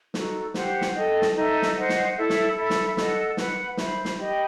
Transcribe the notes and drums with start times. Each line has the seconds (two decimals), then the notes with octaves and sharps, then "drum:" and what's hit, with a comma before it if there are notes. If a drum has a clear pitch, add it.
0.14 D#4 F#4 A4, drum: snare
0.54 G4 C5 F#5 C6, drum: snare
0.81 drum: snare
0.95 A4 D#5 G5
1.22 drum: snare
1.36 D#4 A4 E5
1.62 drum: snare
1.76 C5 D#5 F#5
1.89 drum: snare
2.16 E4 A4 E5
2.30 drum: snare
2.56 A4 E5 B5
2.70 drum: snare
2.97 A4 D#5 F#5, drum: snare
3.37 B4 F#5 B5, drum: snare
3.77 C5 E5 B5, drum: snare
4.05 drum: snare
4.18 G4 D#5 G5 B5